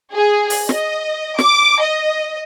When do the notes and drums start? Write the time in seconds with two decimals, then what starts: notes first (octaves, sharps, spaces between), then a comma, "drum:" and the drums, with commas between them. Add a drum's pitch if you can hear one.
0.13 G#4
0.50 drum: open hi-hat
0.69 D#5, drum: snare
1.39 D6, drum: snare
1.80 D#5